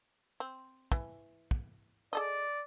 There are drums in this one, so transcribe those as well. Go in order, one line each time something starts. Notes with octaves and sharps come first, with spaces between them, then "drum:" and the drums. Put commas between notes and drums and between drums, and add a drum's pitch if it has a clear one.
C4
E3, drum: kick
drum: kick
G#4 A4 D5 D#5